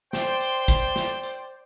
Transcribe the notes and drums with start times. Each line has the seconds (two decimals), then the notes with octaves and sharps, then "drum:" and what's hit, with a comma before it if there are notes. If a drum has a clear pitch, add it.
0.13 C5 D5 G5 C6, drum: snare
0.41 drum: hi-hat
0.68 drum: kick, hi-hat
0.96 drum: snare
1.23 drum: hi-hat